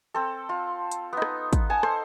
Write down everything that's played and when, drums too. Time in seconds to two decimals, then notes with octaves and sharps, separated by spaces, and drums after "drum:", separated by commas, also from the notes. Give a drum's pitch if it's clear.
0.14 C4 A4
0.49 F4
0.91 drum: hi-hat
1.13 B3 D#4
1.22 drum: rim click
1.53 drum: kick, hi-hat
1.70 F#5 G#5 A5
1.83 A4 C5 C6, drum: rim click